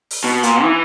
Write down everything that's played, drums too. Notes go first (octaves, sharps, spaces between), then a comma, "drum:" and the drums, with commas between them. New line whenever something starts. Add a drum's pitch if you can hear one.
drum: open hi-hat
B2
A#2, drum: hi-hat
E3